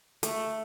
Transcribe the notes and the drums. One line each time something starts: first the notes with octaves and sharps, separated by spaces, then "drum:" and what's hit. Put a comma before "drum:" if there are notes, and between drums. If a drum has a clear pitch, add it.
A3, drum: hi-hat